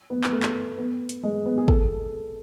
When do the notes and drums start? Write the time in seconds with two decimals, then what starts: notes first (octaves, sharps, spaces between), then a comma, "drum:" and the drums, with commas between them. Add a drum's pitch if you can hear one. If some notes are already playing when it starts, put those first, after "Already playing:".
0.10 B3
0.24 B3, drum: clap
0.33 A3
0.43 drum: clap
0.78 B3
1.09 drum: hi-hat
1.23 G#3
1.45 B3
1.58 G#4
1.68 A4, drum: kick